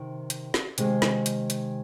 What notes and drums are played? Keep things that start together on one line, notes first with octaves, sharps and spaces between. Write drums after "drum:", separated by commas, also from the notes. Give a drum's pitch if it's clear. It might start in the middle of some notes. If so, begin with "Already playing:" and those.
Already playing: C3 D#3
drum: hi-hat
drum: snare
C3 D#3 G#3, drum: hi-hat
drum: snare
drum: hi-hat
drum: hi-hat